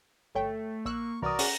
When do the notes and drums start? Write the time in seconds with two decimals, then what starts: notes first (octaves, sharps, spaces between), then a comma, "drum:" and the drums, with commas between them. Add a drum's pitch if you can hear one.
0.35 G1 A3 C#5 G5
0.85 A#1 A#3 C#6 E6 F#6
1.22 C2 E3 F#4 A#4 D5 A#5 D#6
1.39 C#4 G#4 F#5, drum: open hi-hat